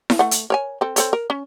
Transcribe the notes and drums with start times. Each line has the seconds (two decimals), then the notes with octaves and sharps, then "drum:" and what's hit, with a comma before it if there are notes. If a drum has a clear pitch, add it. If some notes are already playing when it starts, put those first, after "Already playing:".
0.10 drum: snare E4
0.19 A3 F#5
0.31 drum: hi-hat
0.50 A#4 C#5 G#5
0.81 C4 A4
0.96 C4 A4 C#5, drum: hi-hat
1.13 A#4
1.30 C#4